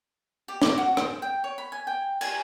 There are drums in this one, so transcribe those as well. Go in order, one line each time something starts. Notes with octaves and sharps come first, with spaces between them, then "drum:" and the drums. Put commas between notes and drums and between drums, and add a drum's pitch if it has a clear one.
G4
D6, drum: snare
F#4
C5, drum: rim click
G5
C#5
B5
G#5
G5
G#5, drum: cymbal